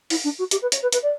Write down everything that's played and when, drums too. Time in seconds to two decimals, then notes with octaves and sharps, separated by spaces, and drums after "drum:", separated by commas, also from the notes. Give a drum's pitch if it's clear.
0.10 E4, drum: open hi-hat
0.24 D4
0.38 F#4
0.51 G4, drum: hi-hat
0.62 B4
0.72 C#5, drum: hi-hat
0.82 B4
0.92 B4, drum: hi-hat
1.02 D5